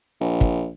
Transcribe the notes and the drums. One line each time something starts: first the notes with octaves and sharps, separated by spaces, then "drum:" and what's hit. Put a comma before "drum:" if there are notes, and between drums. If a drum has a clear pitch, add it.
A#1
drum: kick